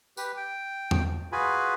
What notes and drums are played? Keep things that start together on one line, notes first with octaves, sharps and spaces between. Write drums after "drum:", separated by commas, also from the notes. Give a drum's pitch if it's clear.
G4 B4, drum: tambourine
G5
drum: tom E2
F4 F#4 G#4 B4 G#5 B5